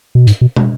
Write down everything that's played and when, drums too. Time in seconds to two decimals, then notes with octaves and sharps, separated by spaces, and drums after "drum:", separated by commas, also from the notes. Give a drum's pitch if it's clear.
0.15 B2
0.27 G#2, drum: hi-hat
0.41 B2
0.56 drum: tom